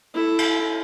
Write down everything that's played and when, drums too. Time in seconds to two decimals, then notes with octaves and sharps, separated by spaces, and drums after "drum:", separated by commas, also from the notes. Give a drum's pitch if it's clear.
0.14 E4 A4
0.38 drum: cymbal